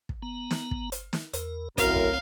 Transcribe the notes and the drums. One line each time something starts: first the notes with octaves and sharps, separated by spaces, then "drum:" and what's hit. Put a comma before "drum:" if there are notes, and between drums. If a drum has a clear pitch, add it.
drum: kick
B3 A#5
drum: snare
drum: kick
drum: hi-hat
drum: snare
E2 A#4, drum: hi-hat
C2 F#2 A2 C4 A#4 C#5 F5, drum: kick, hi-hat
drum: kick